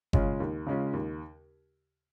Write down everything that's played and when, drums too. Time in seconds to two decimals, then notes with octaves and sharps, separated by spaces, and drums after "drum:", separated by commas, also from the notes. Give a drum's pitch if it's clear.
0.13 C#3 G#3 C#4 F4, drum: kick G1
0.40 D#2
0.66 C#3 G#3 C#4 F4
0.93 D#2